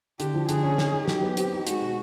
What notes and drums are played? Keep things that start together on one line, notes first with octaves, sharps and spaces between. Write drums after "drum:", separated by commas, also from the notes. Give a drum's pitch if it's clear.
D3 G4, drum: hi-hat
F3
D3 G#4, drum: hi-hat
C#4
D#4, drum: snare
D#4
F#3 G4, drum: snare
B3
C4, drum: hi-hat
D#4
G#3 F#4, drum: hi-hat
B2